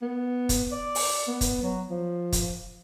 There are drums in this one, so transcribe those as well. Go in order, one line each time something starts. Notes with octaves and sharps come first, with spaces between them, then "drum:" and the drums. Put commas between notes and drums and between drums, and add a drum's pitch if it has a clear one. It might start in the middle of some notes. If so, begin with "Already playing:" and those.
B3
drum: kick, hi-hat
D5
drum: open hi-hat
B3
drum: kick, hi-hat
F#3
F3
drum: kick, hi-hat